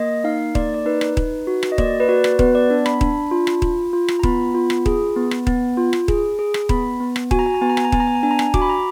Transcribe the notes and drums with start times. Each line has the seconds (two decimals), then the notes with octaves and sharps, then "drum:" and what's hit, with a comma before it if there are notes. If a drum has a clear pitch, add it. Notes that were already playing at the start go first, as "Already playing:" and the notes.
Already playing: A#3 D#5
0.24 D#4 F5
0.55 A#3 D5, drum: kick D#1
0.74 D5
0.86 D#4 B4
1.01 drum: rim click
1.17 D#4, drum: kick D#1
1.47 F#4
1.63 drum: rim click
1.72 D#5
1.78 A#3 D5, drum: kick D#1
2.00 B4
2.09 F#4 D5
2.24 drum: rim click
2.39 B3 B4, drum: kick D#1
2.55 D5
2.70 D4
2.86 B5, drum: rim click
3.01 D4, drum: kick D#1
3.31 F4
3.47 drum: rim click
3.62 F4, drum: kick D#1
3.93 F4
4.08 drum: rim click
4.19 A#5
4.23 B3 B5, drum: kick D#1
4.54 F4
4.70 drum: rim click
4.86 G#4, drum: kick D#1
5.16 B3
5.31 drum: rim click
5.47 B3, drum: kick D#1
5.77 F4
5.93 drum: rim click
6.08 G#4, drum: kick D#1
6.39 G#4
6.54 drum: rim click
6.69 B3 B5, drum: kick D#1
7.00 B3
7.16 drum: rim click
7.31 F#4 G#5, drum: kick D#1
7.39 A#5
7.46 G#5
7.54 A#5
7.62 B3 G#5
7.69 A#5
7.77 G#5, drum: rim click
7.85 A#5
7.92 B3 G#5, drum: kick D#1
8.00 A#5
8.07 G#5
8.15 A#5
8.23 D4 G#5
8.31 A#5
8.39 G#5, drum: rim click
8.54 F#4 D6, drum: kick D#1
8.62 B5
8.69 A#5